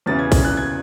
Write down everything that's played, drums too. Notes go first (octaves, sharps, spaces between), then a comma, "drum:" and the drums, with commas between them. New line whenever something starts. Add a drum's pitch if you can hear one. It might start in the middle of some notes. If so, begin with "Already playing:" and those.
E2 C#3 E3 A6
G#6
G#6, drum: kick, open hi-hat
F#6
G#6